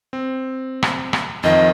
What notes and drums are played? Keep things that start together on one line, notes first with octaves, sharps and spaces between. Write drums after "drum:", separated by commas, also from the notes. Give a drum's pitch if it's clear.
C4
drum: rim click
drum: rim click
F2 D#3 F3 D#5